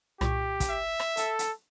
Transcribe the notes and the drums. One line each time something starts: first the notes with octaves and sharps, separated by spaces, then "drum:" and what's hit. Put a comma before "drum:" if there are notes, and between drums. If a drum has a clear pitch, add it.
C2 A#2 G4 C#6, drum: rim click
drum: kick, hi-hat
E5
drum: rim click
A4, drum: hi-hat
drum: hi-hat